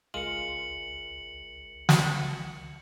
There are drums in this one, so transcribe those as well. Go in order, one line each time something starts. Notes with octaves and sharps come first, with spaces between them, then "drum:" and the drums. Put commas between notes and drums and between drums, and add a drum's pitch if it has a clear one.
G#1 C#2 G#3 F4 A#4 C#7 F#7
drum: snare